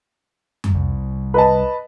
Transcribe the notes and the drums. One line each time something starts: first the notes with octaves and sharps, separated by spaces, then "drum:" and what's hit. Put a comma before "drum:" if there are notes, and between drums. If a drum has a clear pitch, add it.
drum: tom F2
C2
B4 D#5 A5